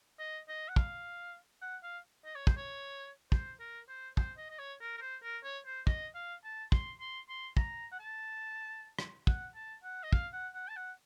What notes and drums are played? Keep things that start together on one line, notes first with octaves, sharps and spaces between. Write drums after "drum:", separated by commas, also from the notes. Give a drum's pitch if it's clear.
D#5
D#5
F#5
F5, drum: kick
F#5
F5
D#5
C#5
C5, drum: kick
C#5
C5, drum: kick
A#4
C5
C5, drum: kick
D#5
D#5
C#5
A#4
A#4
C5
A#4
C#5
C5
D#5, drum: kick
F5
A5
C6, drum: kick
C6
C6
A#5, drum: kick
F#5
A5
drum: rim click
F#5, drum: kick
A5
F#5
D#5
F5, drum: kick
F#5
F#5
A5
F#5